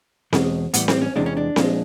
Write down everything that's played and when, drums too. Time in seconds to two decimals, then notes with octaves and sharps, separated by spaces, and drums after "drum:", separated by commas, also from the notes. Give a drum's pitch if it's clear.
0.33 E2 B2 G#3, drum: snare C4
0.74 A2 E3 G3 B3, drum: hi-hat
0.88 C4, drum: snare C4
1.02 C#4
1.16 E2 C3 E3 G#3 D4
1.26 C#4
1.37 D4
1.56 A#2 F3 G#3, drum: snare C4